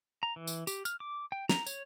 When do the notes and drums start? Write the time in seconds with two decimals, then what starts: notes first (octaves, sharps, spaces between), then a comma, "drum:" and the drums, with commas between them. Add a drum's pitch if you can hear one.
0.23 A#5
0.36 E3
0.47 drum: tambourine
0.67 G4, drum: tambourine
0.85 F6, drum: tambourine
1.00 D6
1.32 G5
1.49 A#5, drum: snare
1.66 C#5, drum: tambourine